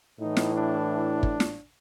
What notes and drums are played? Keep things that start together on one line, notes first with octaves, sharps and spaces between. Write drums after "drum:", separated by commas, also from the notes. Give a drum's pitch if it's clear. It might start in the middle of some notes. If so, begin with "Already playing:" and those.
A2 E3 D#4
drum: snare
D4
drum: kick
drum: snare